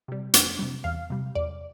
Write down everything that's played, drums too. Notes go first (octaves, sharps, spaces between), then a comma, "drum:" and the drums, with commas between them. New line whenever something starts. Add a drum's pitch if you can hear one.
C3 G3
F2, drum: hi-hat
C3 G3
E2 F5
C3 G3
E2 D5